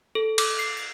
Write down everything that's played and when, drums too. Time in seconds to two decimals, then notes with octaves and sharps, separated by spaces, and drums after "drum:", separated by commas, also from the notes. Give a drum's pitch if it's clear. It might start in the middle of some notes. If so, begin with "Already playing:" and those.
0.15 A4
0.38 D6, drum: cymbal
0.59 C7
0.77 C7